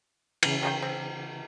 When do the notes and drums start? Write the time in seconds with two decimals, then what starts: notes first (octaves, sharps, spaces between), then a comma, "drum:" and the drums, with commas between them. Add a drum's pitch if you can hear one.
0.43 C#3 E3, drum: cymbal
0.63 D#3 G4 G5
0.82 C4